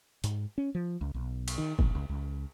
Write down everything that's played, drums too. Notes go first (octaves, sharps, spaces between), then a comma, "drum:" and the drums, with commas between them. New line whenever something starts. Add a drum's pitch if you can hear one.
G#2, drum: hi-hat
C#4
F3
C#2
B1
drum: cymbal
D#3
A#1, drum: kick
C#2
C#2